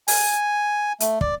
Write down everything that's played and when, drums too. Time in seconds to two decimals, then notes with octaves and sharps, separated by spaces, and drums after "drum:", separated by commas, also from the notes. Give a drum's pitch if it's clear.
0.08 G#5, drum: open hi-hat
1.00 A3, drum: hi-hat
1.21 D5, drum: kick